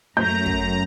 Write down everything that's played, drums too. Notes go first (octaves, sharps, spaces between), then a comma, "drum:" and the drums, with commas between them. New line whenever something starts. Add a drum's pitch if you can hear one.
F#2 F#3 A3 A#5 G6
drum: kick